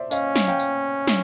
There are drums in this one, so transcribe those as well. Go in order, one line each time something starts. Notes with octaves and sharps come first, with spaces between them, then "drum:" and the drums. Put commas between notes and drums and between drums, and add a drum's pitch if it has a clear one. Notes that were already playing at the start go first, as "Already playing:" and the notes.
Already playing: C5 D5 E5
C#4 D#5 F5, drum: tambourine
drum: snare
F5 G5
drum: tambourine
drum: snare